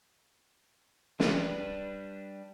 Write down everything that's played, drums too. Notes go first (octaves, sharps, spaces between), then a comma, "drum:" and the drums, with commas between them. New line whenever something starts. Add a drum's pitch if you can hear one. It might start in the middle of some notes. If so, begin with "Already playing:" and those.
G3 D4 B4, drum: snare